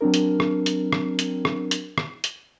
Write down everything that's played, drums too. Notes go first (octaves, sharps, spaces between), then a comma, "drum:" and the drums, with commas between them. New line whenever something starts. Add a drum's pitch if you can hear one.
F#3 C4 D4 A#4
drum: hi-hat
drum: rim click
drum: hi-hat
drum: rim click
drum: hi-hat
drum: rim click
drum: hi-hat
drum: rim click
drum: hi-hat